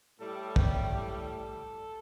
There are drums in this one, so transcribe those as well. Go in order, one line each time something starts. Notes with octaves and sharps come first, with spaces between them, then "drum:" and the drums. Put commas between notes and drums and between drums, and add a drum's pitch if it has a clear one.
A2 G3 A4
G4, drum: kick
A4